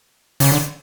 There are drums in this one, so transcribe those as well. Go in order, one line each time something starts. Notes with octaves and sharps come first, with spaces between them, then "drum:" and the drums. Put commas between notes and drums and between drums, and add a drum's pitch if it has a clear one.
C#3, drum: open hi-hat
D3